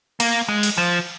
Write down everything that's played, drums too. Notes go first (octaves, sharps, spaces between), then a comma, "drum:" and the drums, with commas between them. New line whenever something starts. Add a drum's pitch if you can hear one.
A#3, drum: cymbal
G#3
drum: cymbal
F3